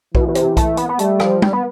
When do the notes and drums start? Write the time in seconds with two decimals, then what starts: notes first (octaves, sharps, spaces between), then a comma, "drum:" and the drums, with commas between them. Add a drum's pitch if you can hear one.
0.15 B2 E3, drum: kick B1
0.28 B2
0.35 C3, drum: hi-hat
0.57 A3, drum: kick B1, hi-hat
0.77 B3, drum: hi-hat
0.89 B3
0.99 G3 A3, drum: hi-hat
1.20 F3, drum: rim click
1.42 G3, drum: tom G3
1.53 B3